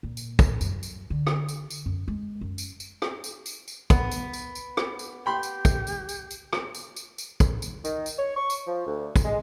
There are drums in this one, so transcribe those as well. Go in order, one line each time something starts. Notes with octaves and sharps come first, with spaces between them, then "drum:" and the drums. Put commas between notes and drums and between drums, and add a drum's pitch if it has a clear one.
A#2
drum: tambourine
drum: kick, tambourine
F#2, drum: tambourine
drum: tambourine
D3
drum: rim click
drum: tambourine
drum: tambourine
F#2
G#3
F#2
drum: tambourine
drum: tambourine
drum: rim click
drum: tambourine
drum: tambourine
drum: tambourine
B3, drum: kick, tambourine
drum: tambourine
drum: tambourine
drum: tambourine
drum: rim click
drum: tambourine
G4 G5 B5 C6
drum: tambourine
drum: kick, tambourine
drum: tambourine
drum: tambourine
drum: tambourine
drum: rim click
drum: tambourine
drum: tambourine
drum: tambourine
drum: kick, tambourine
drum: tambourine
D#3, drum: tambourine
drum: tambourine
C#5
C#6
drum: tambourine
F3
D2
drum: kick, tambourine
G#3